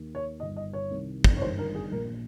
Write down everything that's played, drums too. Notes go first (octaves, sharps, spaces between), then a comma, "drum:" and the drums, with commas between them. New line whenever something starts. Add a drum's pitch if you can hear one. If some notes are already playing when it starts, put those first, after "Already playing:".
Already playing: D#2 D#3
C#5
G1 G2 D#3 D#5
D#5
C#5
C2 C3 D#3
drum: kick
C#5
G1 G2 D#3 C5
A#4
G#4
A#1 A#2 A#4